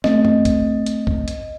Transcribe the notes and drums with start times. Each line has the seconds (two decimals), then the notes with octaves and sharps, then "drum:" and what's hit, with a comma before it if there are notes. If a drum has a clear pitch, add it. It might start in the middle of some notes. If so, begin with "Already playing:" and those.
0.04 A3 C4 D#5, drum: snare
0.25 drum: tom F#2
0.45 drum: kick, hi-hat
0.86 drum: hi-hat
1.07 drum: kick
1.28 drum: hi-hat